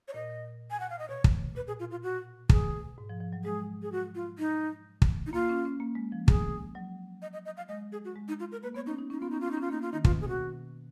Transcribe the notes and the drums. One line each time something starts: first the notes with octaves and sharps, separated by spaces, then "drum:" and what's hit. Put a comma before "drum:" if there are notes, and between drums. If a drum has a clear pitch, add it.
C#5
A#2 D#5
G#5
F#5
F5
D#5
B2 C#5
drum: kick
A#2 B4
G#4
F4
F4
F#4
B2 G#4, drum: kick
G#2
F3
F3
F#3
G#3 G#4
G#4
F#4
F4
D#4
drum: kick
D#4
A#3 F4
C#4
C#4
A#3
G#3
F3
G#4, drum: kick
F#3
D#5
D#5
D#5
F5
G#3 D#5
G#4
F#4
G#3
D#4
F4
A#4
A#3 B4
B3 C#5
C#4 D#4
D#4
C#4 D#4
B3 F4
C#4 D#4
F4
C#4
D#4
C#4 F4
A#3 D#4
F4
D#3 D#4
B2 F4, drum: kick
G#4
F#4